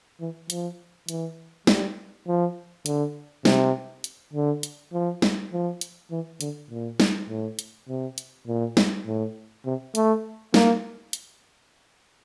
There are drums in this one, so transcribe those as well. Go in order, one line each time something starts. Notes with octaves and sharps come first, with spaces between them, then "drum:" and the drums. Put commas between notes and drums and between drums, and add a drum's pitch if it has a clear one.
E3
F3, drum: hi-hat
E3, drum: hi-hat
G3, drum: snare
F3
D3, drum: hi-hat
C3, drum: snare
drum: hi-hat
D3
drum: hi-hat
F3
drum: snare
F3
drum: hi-hat
E3
D3, drum: hi-hat
A#2
drum: snare
A2
drum: hi-hat
C3
drum: hi-hat
A#2
drum: snare
A2
C3
A3, drum: hi-hat
A#3, drum: snare
drum: hi-hat